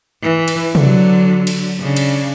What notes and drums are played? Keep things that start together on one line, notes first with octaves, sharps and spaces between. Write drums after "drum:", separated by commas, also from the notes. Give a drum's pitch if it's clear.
E3
drum: cymbal
D3 F#3, drum: tom C3
drum: cymbal
C#3 D4
drum: cymbal